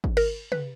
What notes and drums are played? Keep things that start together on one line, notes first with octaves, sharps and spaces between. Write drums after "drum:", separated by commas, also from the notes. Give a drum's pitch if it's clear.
drum: kick
A#4, drum: cymbal
B4, drum: tom